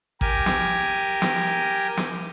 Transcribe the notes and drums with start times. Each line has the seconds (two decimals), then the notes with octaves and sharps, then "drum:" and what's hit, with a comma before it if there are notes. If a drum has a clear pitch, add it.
0.21 G4 A#4 G#5, drum: kick A1
0.46 drum: snare
1.22 drum: snare
1.97 drum: snare